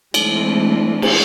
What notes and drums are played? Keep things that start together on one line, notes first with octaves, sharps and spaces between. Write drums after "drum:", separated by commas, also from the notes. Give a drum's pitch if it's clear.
E3 G#3 A3 C4 D4, drum: cymbal
drum: cymbal